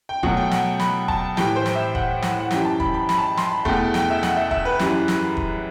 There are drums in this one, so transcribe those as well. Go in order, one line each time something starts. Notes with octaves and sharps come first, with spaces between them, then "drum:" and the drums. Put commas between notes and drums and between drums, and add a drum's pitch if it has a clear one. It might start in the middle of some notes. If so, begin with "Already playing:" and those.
G5
B2 F#3 A3 F#5, drum: kick
G5
F#5, drum: snare
B5, drum: snare
A5, drum: kick
A2 E3 G3 G5, drum: snare
C5
drum: snare
E5
F#5, drum: kick
F#5, drum: snare
F#5
F#2 E3 G3 G5, drum: snare
A5
B5, drum: kick
B5
B5, drum: snare
A5
B5
C6, drum: snare
B5
E2 B2 A3 G5, drum: kick
G5, drum: snare
E5
F#5, drum: snare
E5
E5, drum: kick
B4
F#2 E3 G3, drum: snare
drum: snare
drum: kick